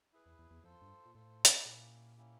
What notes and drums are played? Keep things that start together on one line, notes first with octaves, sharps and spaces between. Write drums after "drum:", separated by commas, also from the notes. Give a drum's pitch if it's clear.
E4 G#4 B4
E2
E2
E2
F2 F4 A4 C5
G2
A#2
A2 F4 A4 C5
drum: hi-hat
A#2 A#3 C#4 E4 G4
A#3 C#4 E4 G4